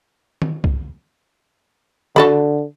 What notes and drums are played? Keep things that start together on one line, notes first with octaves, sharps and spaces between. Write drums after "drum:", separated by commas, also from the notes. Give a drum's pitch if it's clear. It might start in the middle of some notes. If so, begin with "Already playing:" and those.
drum: tom D#3
drum: kick C2
D3 F#4 A4 B5, drum: snare